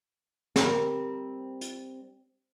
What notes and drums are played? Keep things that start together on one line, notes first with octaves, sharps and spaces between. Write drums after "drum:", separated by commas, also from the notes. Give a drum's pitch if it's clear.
G3 C4 A#4, drum: snare
drum: hi-hat